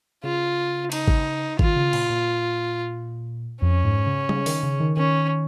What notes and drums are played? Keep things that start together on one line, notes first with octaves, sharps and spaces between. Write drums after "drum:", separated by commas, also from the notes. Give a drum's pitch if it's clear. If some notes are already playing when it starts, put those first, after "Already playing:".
C#3 F4
D#4, drum: cymbal
drum: kick G#1
D#3 F4, drum: kick G#1
C#3
A#2, drum: cymbal
A#2
F2 C#4
G#2
C#3
C#3, drum: tom G3
D#3, drum: open hi-hat
C#3
D#3
D#3 C#4